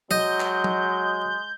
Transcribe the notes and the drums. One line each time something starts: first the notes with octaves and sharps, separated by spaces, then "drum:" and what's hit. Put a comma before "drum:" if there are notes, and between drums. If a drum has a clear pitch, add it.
F#3 G#3 D#5 G6, drum: tom F#3
drum: clap
drum: tom F#3